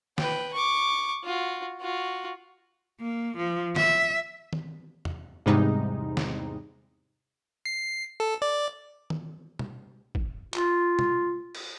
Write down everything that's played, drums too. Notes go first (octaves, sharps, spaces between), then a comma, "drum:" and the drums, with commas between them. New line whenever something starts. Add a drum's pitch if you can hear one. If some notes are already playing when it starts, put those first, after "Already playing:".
B4 G5, drum: snare
C#6 D6
F4 F#4
F4 F#4
A#3
F3
E5, drum: snare
drum: tom D#3
drum: tom
E2 G#2 C3 G3 G#3 D#4
drum: snare
C7
A4
D5
drum: tom D#3
drum: tom
drum: kick
F4, drum: clap
drum: tom
drum: cymbal